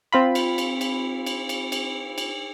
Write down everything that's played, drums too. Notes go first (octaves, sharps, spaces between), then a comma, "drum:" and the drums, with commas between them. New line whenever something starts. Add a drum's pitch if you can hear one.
C4 F4 B5
drum: cymbal
drum: cymbal
drum: cymbal
drum: cymbal
drum: cymbal
drum: cymbal
drum: cymbal